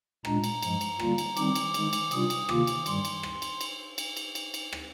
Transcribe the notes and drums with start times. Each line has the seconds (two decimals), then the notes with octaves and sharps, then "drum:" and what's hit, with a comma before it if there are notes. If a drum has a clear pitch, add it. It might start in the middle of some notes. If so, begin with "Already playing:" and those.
0.25 A#2 G#3 D4 A#5, drum: rim click
0.44 drum: cymbal
0.62 G2 F3 G#3, drum: cymbal
0.81 drum: cymbal
0.99 D3 G3 A#3 F4, drum: rim click
1.18 drum: cymbal
1.37 D#3 G3 C4 D#4 D6, drum: cymbal
1.55 drum: cymbal
1.74 D#3 G#3 D#4, drum: cymbal
1.93 drum: cymbal
2.11 C3 G3 D4 F4 D#6, drum: cymbal
2.30 drum: cymbal
2.49 C3 D#3 A#3 F4 D6, drum: rim click
2.67 drum: cymbal
2.86 G2 D#3 G3 C6, drum: cymbal
3.05 drum: cymbal
3.23 drum: rim click
3.42 drum: cymbal
3.61 drum: cymbal
3.98 drum: cymbal
4.17 drum: cymbal
4.35 drum: cymbal
4.54 drum: cymbal
4.73 drum: rim click